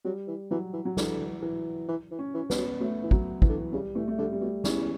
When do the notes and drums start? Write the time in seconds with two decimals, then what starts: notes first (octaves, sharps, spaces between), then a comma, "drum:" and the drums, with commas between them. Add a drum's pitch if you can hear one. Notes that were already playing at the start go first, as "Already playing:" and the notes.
0.05 F#3 G3
0.28 E3
0.51 E3 F#3
0.73 E3
0.85 F#3
0.97 D3 E3, drum: snare
1.42 E3
1.89 E3
2.12 E3
2.19 C#4
2.34 E3
2.50 B3, drum: snare
2.57 F#3
2.80 F#3 A3
3.03 E3
3.11 F#3, drum: kick
3.42 E3, drum: kick
3.49 D3
3.72 C#3 G3
3.95 E3 A3
4.08 A3
4.18 D3 G3
4.32 G3
4.41 B2 A3
4.64 E2 C#4, drum: snare